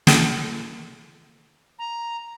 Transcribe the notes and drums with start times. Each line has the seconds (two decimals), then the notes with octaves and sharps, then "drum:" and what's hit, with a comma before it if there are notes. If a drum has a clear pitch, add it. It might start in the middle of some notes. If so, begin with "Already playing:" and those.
0.07 G#4 A4, drum: snare
1.79 A#5